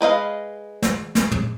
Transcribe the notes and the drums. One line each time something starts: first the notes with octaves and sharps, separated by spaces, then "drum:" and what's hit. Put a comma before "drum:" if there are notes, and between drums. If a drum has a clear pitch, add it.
G#3 B4 D#5 F5
drum: snare
drum: snare
drum: tom